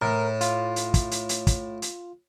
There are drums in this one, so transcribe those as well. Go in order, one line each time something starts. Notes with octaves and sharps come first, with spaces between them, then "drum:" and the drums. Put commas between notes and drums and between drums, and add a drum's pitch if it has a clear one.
A2 A#4
F4, drum: hi-hat
drum: hi-hat
drum: kick, hi-hat
drum: hi-hat
drum: hi-hat
drum: kick, hi-hat
drum: hi-hat